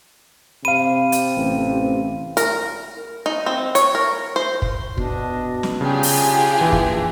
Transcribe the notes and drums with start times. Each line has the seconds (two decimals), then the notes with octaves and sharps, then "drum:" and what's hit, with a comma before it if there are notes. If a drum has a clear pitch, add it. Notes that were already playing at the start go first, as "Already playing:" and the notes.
0.65 C3 C4 F5 B5 D#7
1.12 drum: hi-hat
1.37 A1
2.37 A#4, drum: hi-hat
3.26 D#4
3.46 C4
3.75 C#5, drum: hi-hat
3.95 A#4
4.36 C5
4.62 drum: kick
4.98 B2 D4 D#5, drum: kick
5.63 drum: snare
5.81 C#3 D4 F4 G4 G#4 G#5
6.03 drum: open hi-hat
6.61 A#1 E3
6.72 drum: kick